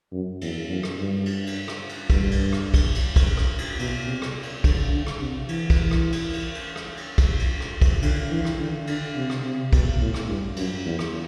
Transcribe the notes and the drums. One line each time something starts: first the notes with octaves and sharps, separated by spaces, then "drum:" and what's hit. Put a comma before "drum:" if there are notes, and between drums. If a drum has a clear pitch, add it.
F#2
E2, drum: cymbal
F#2
drum: rim click
G2
drum: cymbal
drum: cymbal
drum: rim click
drum: cymbal
G2, drum: kick, cymbal
drum: cymbal
drum: rim click
drum: kick, cymbal
drum: cymbal
drum: kick, cymbal
drum: rim click
drum: cymbal
B2, drum: cymbal
C3
drum: rim click
drum: cymbal
D3, drum: kick, cymbal
D3
drum: rim click
C3
E3, drum: cymbal
drum: kick, cymbal
drum: rim click
drum: cymbal
drum: cymbal
drum: cymbal
drum: rim click
drum: cymbal
drum: kick, cymbal
drum: cymbal
drum: rim click
drum: kick, cymbal
D3, drum: cymbal
E3
drum: rim click
D3
D3, drum: cymbal
C3
drum: rim click
C3
B2, drum: kick, cymbal
A2
drum: rim click
G2
F#2, drum: cymbal
E2
drum: rim click